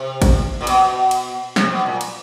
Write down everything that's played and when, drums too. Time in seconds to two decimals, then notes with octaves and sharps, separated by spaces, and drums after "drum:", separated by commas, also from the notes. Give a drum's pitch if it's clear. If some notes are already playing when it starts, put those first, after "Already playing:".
Already playing: C3
0.22 drum: kick G#1, cymbal
0.61 A#2
0.67 B2, drum: cymbal
1.11 drum: cymbal
1.56 C3, drum: snare
1.72 B2
1.86 A#2
2.01 drum: cymbal